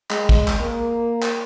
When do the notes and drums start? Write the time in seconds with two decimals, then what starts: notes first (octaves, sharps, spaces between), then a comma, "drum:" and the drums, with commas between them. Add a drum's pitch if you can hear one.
0.11 G#3, drum: clap
0.29 drum: kick
0.48 drum: clap
0.61 A#3
1.22 drum: clap